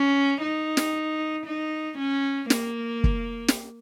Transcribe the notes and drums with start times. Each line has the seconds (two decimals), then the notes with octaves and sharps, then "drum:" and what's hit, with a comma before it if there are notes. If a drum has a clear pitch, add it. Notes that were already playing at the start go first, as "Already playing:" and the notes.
Already playing: C#4
0.41 D#4
0.77 drum: snare
1.46 D#4
1.98 C#4
2.50 A#3, drum: snare
3.04 drum: kick
3.48 drum: snare